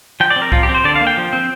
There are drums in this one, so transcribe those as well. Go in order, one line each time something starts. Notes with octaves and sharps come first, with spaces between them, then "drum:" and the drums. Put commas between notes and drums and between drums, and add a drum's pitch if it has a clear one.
F3 G5
D5
C4
A#4
F3 F4, drum: kick C2
G4
C4
C5
D3 D5
F5
A#3
G5
F3
C4